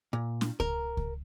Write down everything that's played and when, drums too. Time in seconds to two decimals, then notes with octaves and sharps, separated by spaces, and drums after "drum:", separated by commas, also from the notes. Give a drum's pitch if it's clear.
0.13 A#2
0.41 drum: snare
0.60 A#4, drum: kick C#2
0.97 drum: kick C#2